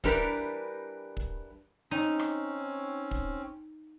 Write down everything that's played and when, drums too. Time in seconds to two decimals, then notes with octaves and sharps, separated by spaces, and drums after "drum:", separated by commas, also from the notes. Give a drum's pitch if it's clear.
0.04 E3 G3 D4 G4 A#4 B4, drum: kick
1.17 drum: kick
1.91 C4 C#4 D#4
2.19 drum: rim click
3.11 drum: kick